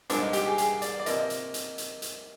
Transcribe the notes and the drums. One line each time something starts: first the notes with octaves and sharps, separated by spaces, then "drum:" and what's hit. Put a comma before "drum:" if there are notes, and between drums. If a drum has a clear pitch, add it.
C2 A#2 F3 G#3 C4 D4, drum: hi-hat
D#4
G4, drum: hi-hat
G#4
G#4, drum: hi-hat
D5, drum: hi-hat
D5
C3 F3 A#3 D#5, drum: hi-hat
drum: hi-hat
drum: hi-hat
drum: hi-hat
drum: hi-hat